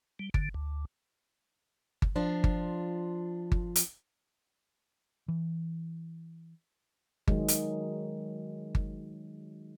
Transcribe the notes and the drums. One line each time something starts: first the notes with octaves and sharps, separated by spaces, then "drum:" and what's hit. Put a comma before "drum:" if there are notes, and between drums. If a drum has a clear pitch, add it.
G3
D3, drum: kick G1
D2
drum: kick G1
F3 D4 F4
drum: kick G1
drum: kick G1
drum: hi-hat
E3
D#3 F#3 G#3, drum: kick G1
drum: hi-hat
drum: kick G1